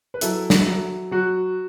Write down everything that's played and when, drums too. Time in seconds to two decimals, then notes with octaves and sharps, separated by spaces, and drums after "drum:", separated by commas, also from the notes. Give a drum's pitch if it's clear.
0.14 B4
0.21 F#3 E4 A4, drum: hi-hat
0.50 drum: snare
0.66 F#3
1.11 F#3 F#4